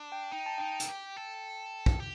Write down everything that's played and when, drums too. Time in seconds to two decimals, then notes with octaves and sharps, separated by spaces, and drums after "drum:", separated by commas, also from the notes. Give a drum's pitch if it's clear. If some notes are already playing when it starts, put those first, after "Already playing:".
Already playing: D4
0.12 G5
0.32 D#4 G5
0.46 A5
0.58 D#4 G5
0.80 A4, drum: hi-hat
0.89 G4
1.17 A4
1.86 drum: kick
2.00 G4